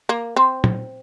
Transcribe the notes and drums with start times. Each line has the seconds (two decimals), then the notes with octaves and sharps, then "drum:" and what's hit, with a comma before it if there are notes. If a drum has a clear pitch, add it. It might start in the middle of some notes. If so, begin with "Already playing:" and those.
0.09 A#3
0.36 C4
0.64 drum: tom A#2